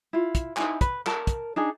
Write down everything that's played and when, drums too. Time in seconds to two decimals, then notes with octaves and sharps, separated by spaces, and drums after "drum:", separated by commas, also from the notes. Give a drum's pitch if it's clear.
0.13 E4 F4
0.35 drum: kick, hi-hat
0.57 D#4 E4 G#5, drum: clap
0.81 B4, drum: kick, hi-hat
1.06 A#4 A5, drum: clap
1.27 drum: kick, hi-hat
1.56 D4 D#4 G#4